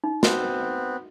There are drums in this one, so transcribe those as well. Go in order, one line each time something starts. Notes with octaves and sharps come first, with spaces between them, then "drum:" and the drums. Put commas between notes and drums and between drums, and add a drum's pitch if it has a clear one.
D#4
B3 C4 F#4, drum: snare